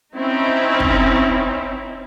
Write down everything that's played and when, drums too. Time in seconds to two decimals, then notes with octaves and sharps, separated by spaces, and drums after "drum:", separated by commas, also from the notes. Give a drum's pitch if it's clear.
0.15 C4 C#4 D#4 E4
0.80 drum: kick